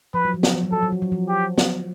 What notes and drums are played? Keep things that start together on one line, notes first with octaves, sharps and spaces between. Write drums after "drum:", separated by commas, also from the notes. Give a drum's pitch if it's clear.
F3 B4
F#3
F3
F#3, drum: snare
F3
F#3
F3 A4
F#3
F3
F#3
F3
G4
drum: snare